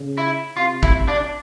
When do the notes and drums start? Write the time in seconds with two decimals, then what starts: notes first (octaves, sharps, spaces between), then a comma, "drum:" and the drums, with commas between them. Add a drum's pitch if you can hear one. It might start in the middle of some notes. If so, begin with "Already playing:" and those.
Already playing: C#3
0.18 E4
0.57 C3 F4
0.83 E4, drum: kick
1.08 D4